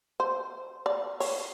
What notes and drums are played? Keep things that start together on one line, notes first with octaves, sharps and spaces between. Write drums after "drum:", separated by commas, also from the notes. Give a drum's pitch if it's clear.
C5
D5
C#5, drum: open hi-hat